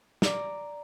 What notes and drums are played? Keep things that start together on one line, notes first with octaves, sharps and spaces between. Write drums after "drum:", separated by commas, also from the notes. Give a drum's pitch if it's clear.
D5 A#5, drum: snare